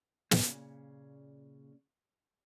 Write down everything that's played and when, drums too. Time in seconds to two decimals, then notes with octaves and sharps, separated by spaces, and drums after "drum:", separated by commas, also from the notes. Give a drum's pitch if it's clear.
0.31 A#2 C#3, drum: snare